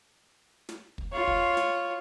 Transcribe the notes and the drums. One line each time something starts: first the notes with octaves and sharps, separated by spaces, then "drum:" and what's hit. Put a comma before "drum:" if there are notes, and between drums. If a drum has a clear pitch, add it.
drum: snare
drum: kick
F4 C#5
drum: kick
drum: snare